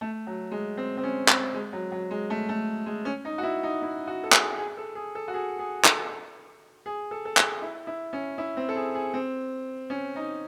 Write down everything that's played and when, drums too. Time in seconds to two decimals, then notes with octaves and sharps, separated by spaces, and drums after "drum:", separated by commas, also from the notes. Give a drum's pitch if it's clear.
0.01 A3
0.27 F#3
0.51 G#3
0.77 C4
0.97 C4
1.03 C#4
1.28 C4, drum: clap
1.54 G#3
1.73 F#3
1.92 F#3
2.11 G#3
2.30 A3
2.49 A3
2.86 G#3
3.05 C#4
3.25 D#4
3.38 F#4
3.43 E4
3.63 D#4
3.82 E4
4.07 F#4
4.24 A4
4.32 G#4, drum: clap
4.58 G#4
4.77 A4
4.95 G#4
5.15 A4
5.28 F#4
5.34 G#4
5.59 G#4
5.85 A4, drum: clap
6.86 G#4
7.11 A4
7.25 A4
7.37 G#4, drum: clap
7.62 E4
7.87 E4
8.13 C#4
8.38 E4
8.57 C4
8.69 A4
8.76 G#4
8.95 G#4
9.14 C4
9.90 C#4
10.16 D#4